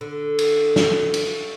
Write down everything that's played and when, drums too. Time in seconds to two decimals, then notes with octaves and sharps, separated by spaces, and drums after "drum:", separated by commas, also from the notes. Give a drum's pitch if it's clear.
0.01 D3
0.39 drum: cymbal
0.76 drum: snare
1.14 drum: cymbal